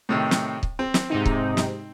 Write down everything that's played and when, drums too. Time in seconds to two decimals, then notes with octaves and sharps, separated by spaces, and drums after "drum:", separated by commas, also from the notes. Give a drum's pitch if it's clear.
0.09 A2 C3 D#3
0.31 drum: snare
0.63 drum: kick
0.79 C4
0.94 drum: snare
1.10 G#2 C3 D#4
1.26 drum: kick
1.57 drum: snare